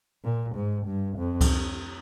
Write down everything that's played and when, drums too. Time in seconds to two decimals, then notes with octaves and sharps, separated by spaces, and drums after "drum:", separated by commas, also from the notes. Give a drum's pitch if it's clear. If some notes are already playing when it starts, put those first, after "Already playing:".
0.24 A#2
0.56 G#2
0.87 G2
1.17 F2
1.41 drum: kick C#2, cymbal